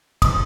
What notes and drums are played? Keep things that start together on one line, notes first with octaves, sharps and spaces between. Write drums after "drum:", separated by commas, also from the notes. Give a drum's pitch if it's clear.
D#6, drum: kick, cymbal